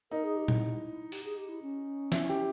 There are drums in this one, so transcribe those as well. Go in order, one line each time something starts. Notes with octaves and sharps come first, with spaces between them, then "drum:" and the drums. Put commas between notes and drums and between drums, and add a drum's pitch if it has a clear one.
D#4 A#4
G#4
G4
E4, drum: tom A#2
G4, drum: open hi-hat
G#4
G4
E4
C#4
E4, drum: snare
G4